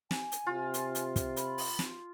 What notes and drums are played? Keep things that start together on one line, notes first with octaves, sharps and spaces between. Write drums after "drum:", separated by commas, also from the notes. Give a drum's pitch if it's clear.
G#5, drum: snare
drum: hi-hat
C3 F4
drum: hi-hat
drum: hi-hat
drum: kick, hi-hat
B5, drum: hi-hat
drum: open hi-hat
drum: snare